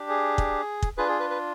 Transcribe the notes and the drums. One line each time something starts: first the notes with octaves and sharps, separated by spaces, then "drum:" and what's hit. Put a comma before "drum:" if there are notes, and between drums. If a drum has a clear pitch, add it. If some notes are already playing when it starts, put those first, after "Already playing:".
Already playing: D4 G4
G#4
drum: kick
drum: kick
D4 F4 G#4 B4
G#4
B4
B4